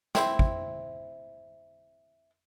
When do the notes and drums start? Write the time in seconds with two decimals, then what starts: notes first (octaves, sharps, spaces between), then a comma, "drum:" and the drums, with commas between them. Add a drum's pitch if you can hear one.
0.15 C4 E4, drum: snare
0.39 drum: kick